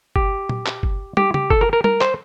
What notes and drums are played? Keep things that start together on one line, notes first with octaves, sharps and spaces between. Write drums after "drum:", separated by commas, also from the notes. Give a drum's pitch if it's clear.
G4, drum: kick G1
drum: tom A#2
drum: clap
drum: kick G1
G4, drum: tom
G4, drum: tom C#3
A4, drum: kick G1
A#4
A#4
A#4, drum: tom
C5, drum: clap